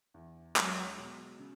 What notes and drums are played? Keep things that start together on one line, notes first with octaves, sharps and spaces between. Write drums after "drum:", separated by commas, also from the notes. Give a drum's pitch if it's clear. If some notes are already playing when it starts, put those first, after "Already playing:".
E2
F#3 G#3, drum: clap
B2
C#3